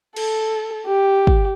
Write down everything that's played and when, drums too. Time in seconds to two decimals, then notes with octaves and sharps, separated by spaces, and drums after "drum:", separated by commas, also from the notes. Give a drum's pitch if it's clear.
0.16 A4, drum: cymbal
0.86 G4
1.27 drum: kick